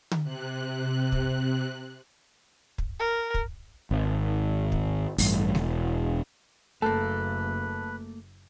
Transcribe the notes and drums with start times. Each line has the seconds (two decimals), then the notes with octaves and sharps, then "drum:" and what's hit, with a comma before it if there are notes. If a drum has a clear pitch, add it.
0.11 drum: tom D3
0.23 C3 F#6
1.12 drum: kick
2.78 drum: kick
2.99 A#4
3.34 drum: kick
3.91 G#1
4.72 drum: kick
5.18 A1 G2, drum: open hi-hat
5.55 E1, drum: snare G#3
6.82 F#1 A3 A#3 A4 B4